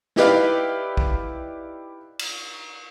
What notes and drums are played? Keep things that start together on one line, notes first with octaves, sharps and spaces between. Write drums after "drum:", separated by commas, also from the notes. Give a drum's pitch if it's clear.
D#4 E4 G4 B4 D5 F5, drum: snare
drum: kick
drum: cymbal